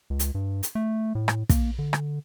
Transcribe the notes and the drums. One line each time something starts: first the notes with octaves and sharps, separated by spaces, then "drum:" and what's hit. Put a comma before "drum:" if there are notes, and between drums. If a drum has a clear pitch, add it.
C#2
drum: hi-hat
G2
drum: hi-hat
A3
A2
drum: rim click
A#3, drum: kick, hi-hat
D3
drum: rim click